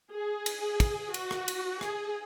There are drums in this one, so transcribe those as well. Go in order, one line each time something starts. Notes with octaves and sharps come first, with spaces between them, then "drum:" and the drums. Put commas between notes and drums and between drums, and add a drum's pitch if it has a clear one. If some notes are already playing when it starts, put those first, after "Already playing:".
G#4
drum: cymbal
drum: kick, cymbal
F#4, drum: cymbal
drum: rim click
drum: cymbal
G#4, drum: rim click